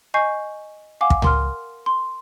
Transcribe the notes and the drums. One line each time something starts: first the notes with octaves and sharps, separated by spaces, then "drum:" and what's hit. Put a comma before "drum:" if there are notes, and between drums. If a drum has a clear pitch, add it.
D#5 G#5 C#6 G6 C7
F5 F#5 G#5 D6
drum: kick
A#4 C6 F6, drum: tom C#2
C6